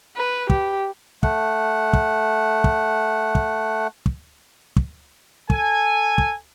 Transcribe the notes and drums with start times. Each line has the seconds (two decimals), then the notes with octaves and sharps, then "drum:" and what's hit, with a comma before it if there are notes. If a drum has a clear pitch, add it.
0.16 B4
0.50 G4, drum: kick
1.23 A3 F#5, drum: kick
1.93 drum: kick
2.64 drum: kick
3.35 drum: kick
4.06 drum: kick
4.76 drum: kick
5.50 A4 G#5, drum: kick
6.18 drum: kick